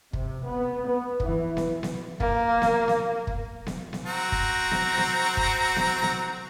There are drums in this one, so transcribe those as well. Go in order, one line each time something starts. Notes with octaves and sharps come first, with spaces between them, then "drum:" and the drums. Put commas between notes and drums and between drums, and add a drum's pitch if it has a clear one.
C3, drum: kick
B3
B3
E3, drum: kick
drum: snare B3
drum: snare B3
A#3, drum: kick
drum: snare B3
drum: snare B3
drum: kick
drum: snare B3
drum: snare B3
C4 F#4 A#5
drum: kick
drum: snare B3
drum: snare B3
drum: kick
drum: snare B3
drum: snare B3